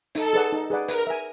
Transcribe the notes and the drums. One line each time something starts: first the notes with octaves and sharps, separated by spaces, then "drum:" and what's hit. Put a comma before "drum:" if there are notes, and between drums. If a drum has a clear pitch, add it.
D#4 A4, drum: hi-hat
G#4 B4 D5 F#5
D#4
G#4 B4 D5 F#5
A#4 B4, drum: hi-hat
E5 G#5